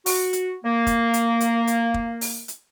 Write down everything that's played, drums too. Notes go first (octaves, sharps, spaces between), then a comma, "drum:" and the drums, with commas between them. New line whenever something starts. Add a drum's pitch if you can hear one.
F#4, drum: open hi-hat
drum: hi-hat
A#3
drum: kick, hi-hat
drum: hi-hat
drum: hi-hat
drum: hi-hat
drum: kick
drum: open hi-hat
drum: hi-hat